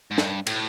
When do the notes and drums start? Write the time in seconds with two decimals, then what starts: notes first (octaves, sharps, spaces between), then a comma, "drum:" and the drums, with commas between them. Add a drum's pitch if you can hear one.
0.11 G#2
0.18 G2, drum: snare
0.47 A2, drum: cymbal